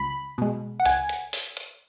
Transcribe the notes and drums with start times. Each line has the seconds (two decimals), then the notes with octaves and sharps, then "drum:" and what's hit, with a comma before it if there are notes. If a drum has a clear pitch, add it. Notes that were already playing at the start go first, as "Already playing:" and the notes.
Already playing: C#2 B5
0.38 B2 G#3
0.80 F#5
0.86 C#2 G#5, drum: hi-hat
1.09 drum: hi-hat
1.33 drum: open hi-hat
1.57 drum: hi-hat